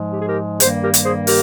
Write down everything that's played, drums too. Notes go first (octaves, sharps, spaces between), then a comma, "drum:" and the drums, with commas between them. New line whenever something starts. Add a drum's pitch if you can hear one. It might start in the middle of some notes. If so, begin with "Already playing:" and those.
Already playing: G#2 F3 G#3
G4
G#4
G4 A#4
G2 D#3 G3 A#3 G#4 C5, drum: hi-hat
G4 A#4
drum: hi-hat
G#4 C5
G4 A#4, drum: open hi-hat